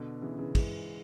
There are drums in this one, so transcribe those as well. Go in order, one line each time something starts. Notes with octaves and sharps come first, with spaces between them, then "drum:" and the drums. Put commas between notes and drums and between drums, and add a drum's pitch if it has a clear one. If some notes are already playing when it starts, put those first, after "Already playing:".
Already playing: B2 D3
C#3 E3
C#3 E3
E3 G#3, drum: kick, cymbal